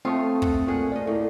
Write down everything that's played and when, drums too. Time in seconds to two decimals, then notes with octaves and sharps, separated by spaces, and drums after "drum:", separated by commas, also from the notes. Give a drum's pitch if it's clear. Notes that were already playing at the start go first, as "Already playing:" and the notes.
0.05 A3 C4 F4 C#5 D#6
0.42 A4 F#5, drum: kick
0.66 A#2 G#4 F#5
0.92 F4 D5 D#5
1.07 A2 A#3